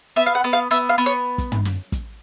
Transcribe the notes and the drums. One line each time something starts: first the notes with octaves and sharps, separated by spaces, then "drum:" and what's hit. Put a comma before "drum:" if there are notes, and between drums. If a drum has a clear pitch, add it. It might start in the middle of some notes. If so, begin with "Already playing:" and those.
B3 E5
F5
F#5
B3
F5
B3 E5
F5
B3
C#5
drum: kick, hi-hat
drum: tom
drum: snare
drum: kick, hi-hat